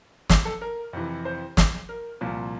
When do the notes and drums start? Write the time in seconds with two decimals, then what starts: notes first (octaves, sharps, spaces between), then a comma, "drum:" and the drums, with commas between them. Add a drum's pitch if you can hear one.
0.30 drum: snare
0.45 A4
0.61 A#4
0.93 F2 C3 E3
1.25 C5
1.57 drum: snare
1.89 A#4
2.21 C2 A#2 F3